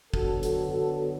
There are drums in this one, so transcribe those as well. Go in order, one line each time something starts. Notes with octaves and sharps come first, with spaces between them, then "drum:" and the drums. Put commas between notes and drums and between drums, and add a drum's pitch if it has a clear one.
D3 F#3 B3 F#4 A4, drum: kick
F#4 A4, drum: hi-hat
F#4 A4